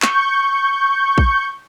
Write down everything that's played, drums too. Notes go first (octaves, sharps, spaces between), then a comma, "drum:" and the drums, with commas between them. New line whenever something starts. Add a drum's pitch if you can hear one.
C#6 G6, drum: clap
drum: kick